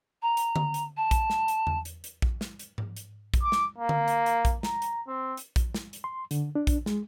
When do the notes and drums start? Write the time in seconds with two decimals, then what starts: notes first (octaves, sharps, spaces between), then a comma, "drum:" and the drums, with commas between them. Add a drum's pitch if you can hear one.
0.22 A#5
0.37 drum: hi-hat
0.56 drum: tom D3
0.74 drum: hi-hat
0.97 A5
1.11 drum: kick A#1, hi-hat
1.30 drum: snare
1.48 drum: hi-hat
1.67 drum: tom E2
1.85 drum: hi-hat
2.04 drum: hi-hat
2.22 drum: kick A#1
2.41 drum: snare
2.59 drum: hi-hat
2.78 drum: tom G#2
2.96 drum: hi-hat
3.34 drum: kick A#1, hi-hat
3.43 D6
3.52 drum: snare
3.78 A#3
3.89 drum: tom D3
4.08 drum: hi-hat
4.26 drum: hi-hat
4.45 drum: kick A#1, hi-hat
4.63 A#5, drum: snare
4.82 drum: hi-hat
5.07 C4
5.37 drum: hi-hat
5.56 drum: kick A#1, hi-hat
5.74 drum: snare
5.93 drum: hi-hat
6.04 C6
6.31 D3, drum: hi-hat
6.55 D4
6.67 drum: kick A#1, hi-hat
6.86 G#3, drum: snare